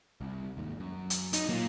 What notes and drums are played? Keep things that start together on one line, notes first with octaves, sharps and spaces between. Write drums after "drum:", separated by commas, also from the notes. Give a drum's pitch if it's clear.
C2
D#2 G#2
F#2
drum: hi-hat
D#4, drum: hi-hat
F#3 A#3 F4